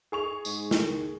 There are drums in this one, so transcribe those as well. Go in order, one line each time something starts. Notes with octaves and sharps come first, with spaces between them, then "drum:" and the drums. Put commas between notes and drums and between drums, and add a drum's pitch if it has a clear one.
G#4 C#6 F7
G#2, drum: tambourine
D#3, drum: snare